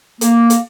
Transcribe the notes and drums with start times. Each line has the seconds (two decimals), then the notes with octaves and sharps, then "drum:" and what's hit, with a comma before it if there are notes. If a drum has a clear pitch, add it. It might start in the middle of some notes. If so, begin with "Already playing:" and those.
0.21 A#3, drum: hi-hat
0.50 drum: hi-hat